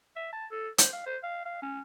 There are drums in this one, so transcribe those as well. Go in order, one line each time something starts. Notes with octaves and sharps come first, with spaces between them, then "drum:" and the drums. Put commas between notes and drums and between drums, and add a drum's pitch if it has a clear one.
E5
A5
A4
C5, drum: hi-hat
F5
C5
F5
F5
C#4